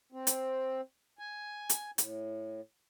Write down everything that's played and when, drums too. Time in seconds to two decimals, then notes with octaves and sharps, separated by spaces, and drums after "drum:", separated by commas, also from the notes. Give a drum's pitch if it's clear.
0.12 C4
0.27 drum: hi-hat
1.19 G#5
1.69 drum: hi-hat
1.98 A2, drum: hi-hat